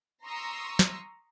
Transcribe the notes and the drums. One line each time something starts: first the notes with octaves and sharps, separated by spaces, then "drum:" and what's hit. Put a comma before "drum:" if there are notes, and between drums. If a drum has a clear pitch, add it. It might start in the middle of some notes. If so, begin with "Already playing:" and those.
A#5 C6 C#6 D#6 E6
drum: snare